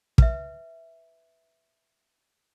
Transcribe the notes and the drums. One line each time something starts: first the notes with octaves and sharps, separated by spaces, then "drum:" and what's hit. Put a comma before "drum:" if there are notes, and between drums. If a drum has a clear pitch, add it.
B4 E5, drum: kick